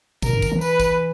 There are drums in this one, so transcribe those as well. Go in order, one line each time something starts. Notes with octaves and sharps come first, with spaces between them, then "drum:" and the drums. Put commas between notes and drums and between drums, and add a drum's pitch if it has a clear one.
A#2 A#4, drum: kick, tambourine
G2
D#3, drum: kick, tambourine
E3
B4, drum: tambourine
drum: kick, tambourine